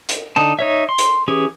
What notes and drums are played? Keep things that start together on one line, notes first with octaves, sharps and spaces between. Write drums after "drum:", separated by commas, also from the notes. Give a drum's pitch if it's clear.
drum: hi-hat
D3 D#4 A5
D#4 C#5 E5
C6
drum: hi-hat
E3 C#4 G4 G#4